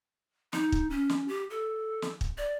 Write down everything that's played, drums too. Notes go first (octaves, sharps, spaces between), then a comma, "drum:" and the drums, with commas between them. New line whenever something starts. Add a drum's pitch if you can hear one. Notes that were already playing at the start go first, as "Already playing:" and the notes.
D#4, drum: snare
drum: kick
C#4
drum: snare
G4
A4
drum: snare
drum: kick
D5